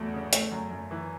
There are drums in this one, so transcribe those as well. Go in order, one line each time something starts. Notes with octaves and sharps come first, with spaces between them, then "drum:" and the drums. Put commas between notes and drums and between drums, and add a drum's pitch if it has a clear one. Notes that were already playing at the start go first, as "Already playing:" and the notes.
Already playing: E2 F#3 A3
C#3
A3, drum: hi-hat
F#2
F#2
E3